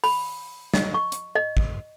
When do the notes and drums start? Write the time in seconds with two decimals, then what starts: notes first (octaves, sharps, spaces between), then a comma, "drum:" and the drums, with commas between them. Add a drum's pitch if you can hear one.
0.04 B5, drum: open hi-hat
0.74 D#5, drum: snare
0.94 C#6
1.12 drum: hi-hat
1.35 D#5
1.57 drum: kick